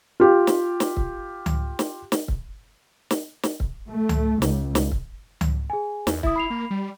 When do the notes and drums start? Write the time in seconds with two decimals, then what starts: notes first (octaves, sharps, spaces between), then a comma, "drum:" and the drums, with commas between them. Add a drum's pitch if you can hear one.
0.20 F4 G4
0.47 drum: snare
0.80 drum: snare
0.97 drum: kick C#1
1.46 drum: tom C#2
1.79 drum: snare
2.12 drum: snare
2.28 drum: kick C#1
3.11 drum: snare
3.43 drum: snare
3.60 drum: kick C#1
3.89 A3
4.09 drum: tom C#2
4.42 C#2, drum: snare
4.75 drum: snare
4.92 drum: kick C#1
5.41 drum: tom C#2
5.70 G#4 G#5
6.07 E2, drum: snare
6.23 E4 E5 D#6, drum: kick C#1
6.36 B5 C7 F7
6.50 A#3
6.71 G3